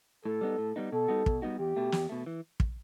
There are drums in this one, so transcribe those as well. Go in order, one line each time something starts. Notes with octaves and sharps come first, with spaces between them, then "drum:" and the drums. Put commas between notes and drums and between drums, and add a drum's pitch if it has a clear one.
A2 A4
G3 B3 D#4
A2
G3 B3 D#4
B2 A4
G3 B3 D#4 F#4
B2, drum: kick
G3 B3 D#4 F#4
E2 G4
B2 A3
E2, drum: snare
B2 A3
E3
drum: kick